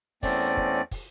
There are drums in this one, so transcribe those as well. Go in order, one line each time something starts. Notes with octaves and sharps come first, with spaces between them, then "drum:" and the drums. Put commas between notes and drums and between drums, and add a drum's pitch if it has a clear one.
E2 A3 C4 C#4 D5, drum: kick, open hi-hat
drum: hi-hat
drum: kick
drum: hi-hat
drum: kick, open hi-hat